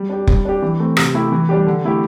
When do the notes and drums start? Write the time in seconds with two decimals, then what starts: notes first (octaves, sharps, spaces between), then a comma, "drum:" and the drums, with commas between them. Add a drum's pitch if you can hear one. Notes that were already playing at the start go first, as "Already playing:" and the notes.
Already playing: G3
0.09 D4 G4
0.27 G3, drum: kick F1
0.45 D4 G4
0.62 E3
0.79 A3 C4
0.97 C3, drum: rim click
1.14 A3 E4 G4
1.32 E3
1.49 G3 D4 G4
1.67 D3
1.84 A3 E4 G4